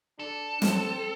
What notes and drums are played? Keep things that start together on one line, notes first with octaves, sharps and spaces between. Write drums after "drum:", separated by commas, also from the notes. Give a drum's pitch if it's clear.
D4 A4
C4, drum: snare